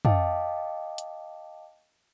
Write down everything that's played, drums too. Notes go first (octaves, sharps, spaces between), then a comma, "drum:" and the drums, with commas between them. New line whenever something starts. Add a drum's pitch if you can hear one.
D#5 F5 G5 A5 D6, drum: tom
drum: hi-hat